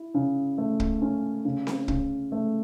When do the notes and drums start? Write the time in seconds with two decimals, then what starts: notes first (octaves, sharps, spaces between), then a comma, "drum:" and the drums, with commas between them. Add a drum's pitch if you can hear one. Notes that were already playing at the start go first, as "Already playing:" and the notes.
Already playing: E4
0.14 C#3
0.58 A3
0.80 drum: kick
1.02 C#4
1.45 C#3
1.67 drum: snare C4
1.88 C#3, drum: kick
2.32 A3